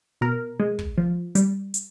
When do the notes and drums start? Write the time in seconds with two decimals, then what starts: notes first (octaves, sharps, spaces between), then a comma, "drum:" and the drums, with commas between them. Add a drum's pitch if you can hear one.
0.21 B2 A#4
0.60 G#3
0.79 drum: kick
0.98 F3
1.35 G3, drum: hi-hat
1.74 drum: hi-hat